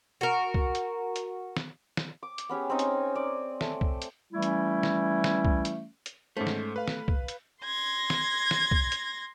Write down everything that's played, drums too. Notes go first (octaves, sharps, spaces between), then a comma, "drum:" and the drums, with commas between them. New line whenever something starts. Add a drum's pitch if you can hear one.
F#4 A#4
drum: kick C2
drum: hi-hat
drum: hi-hat
drum: snare
drum: snare
D6
drum: hi-hat
B3 C#4 G4 G#4
C4 C#4 D#4 G#5
drum: hi-hat
D5
A3, drum: snare
drum: kick C2
drum: hi-hat
E3 G3 A3 C#4 E4
drum: hi-hat
drum: snare
drum: snare
drum: kick C2
drum: hi-hat
drum: hi-hat
G#2 A3 C#4 C5
drum: snare
B4 F5
drum: snare
drum: kick C2
drum: hi-hat
C6 G#6 A#6
drum: snare
drum: snare
drum: kick C2
drum: hi-hat